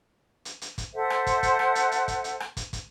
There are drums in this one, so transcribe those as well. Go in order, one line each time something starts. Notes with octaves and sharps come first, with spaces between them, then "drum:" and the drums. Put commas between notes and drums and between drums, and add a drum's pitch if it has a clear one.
drum: hi-hat
drum: hi-hat
drum: kick, hi-hat
A4 C5 E5 F#5
drum: rim click
drum: kick, hi-hat
drum: kick, hi-hat
drum: rim click
drum: hi-hat
drum: hi-hat
drum: kick, hi-hat
drum: hi-hat
drum: rim click
drum: kick, hi-hat
drum: kick, hi-hat